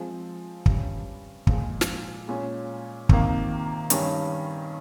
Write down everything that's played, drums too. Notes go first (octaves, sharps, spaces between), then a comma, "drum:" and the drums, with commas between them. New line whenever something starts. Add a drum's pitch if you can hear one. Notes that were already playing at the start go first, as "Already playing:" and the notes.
Already playing: F3 G#3 C4
G2 G3 C#4, drum: kick
A#2 F3 G#3, drum: kick
drum: snare
A#2 G#3 C#4
C3 D#3 A#3, drum: kick
G2 D#3 G3 C#4, drum: hi-hat